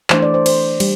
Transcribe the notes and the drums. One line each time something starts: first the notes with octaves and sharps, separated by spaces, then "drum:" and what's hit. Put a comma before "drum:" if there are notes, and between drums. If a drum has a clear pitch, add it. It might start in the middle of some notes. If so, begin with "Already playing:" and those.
E3 A3 D4 C5, drum: clap
D5
C5
C5, drum: cymbal
G3, drum: cymbal